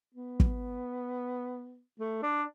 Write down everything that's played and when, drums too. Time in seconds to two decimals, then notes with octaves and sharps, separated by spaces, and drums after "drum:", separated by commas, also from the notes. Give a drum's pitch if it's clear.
0.14 B3
0.40 drum: kick
1.99 A3
2.23 D4